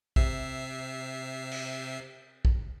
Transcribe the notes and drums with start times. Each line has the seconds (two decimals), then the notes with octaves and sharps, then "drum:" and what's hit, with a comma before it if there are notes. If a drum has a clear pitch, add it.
0.16 C3 E5 C7, drum: kick
1.51 drum: cymbal
2.45 drum: kick